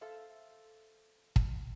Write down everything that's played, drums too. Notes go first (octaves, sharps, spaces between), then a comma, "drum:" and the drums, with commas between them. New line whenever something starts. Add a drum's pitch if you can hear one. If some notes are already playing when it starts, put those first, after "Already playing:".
A4 C5 E5 F5
drum: kick